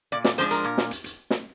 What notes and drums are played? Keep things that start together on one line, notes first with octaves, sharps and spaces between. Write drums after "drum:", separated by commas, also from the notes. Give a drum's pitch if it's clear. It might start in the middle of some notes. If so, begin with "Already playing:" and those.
A#2 D5
D5, drum: snare
F3 G#3 D4 C5, drum: hi-hat
A#4, drum: hi-hat
A#2
drum: snare
drum: hi-hat
drum: hi-hat
drum: snare